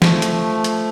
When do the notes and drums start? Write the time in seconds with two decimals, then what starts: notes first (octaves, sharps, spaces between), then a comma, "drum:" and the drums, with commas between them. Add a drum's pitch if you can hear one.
0.02 F3 A3, drum: snare
0.22 drum: hi-hat
0.64 drum: hi-hat